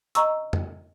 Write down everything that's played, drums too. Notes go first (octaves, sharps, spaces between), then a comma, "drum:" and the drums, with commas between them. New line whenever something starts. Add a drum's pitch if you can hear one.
D#5 A#5 C#6 E6, drum: hi-hat
drum: tom